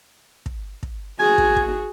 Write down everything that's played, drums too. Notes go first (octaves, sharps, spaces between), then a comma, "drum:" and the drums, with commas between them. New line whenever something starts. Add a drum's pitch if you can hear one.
drum: kick
drum: kick
F#4 G#4 G#5
drum: kick
drum: kick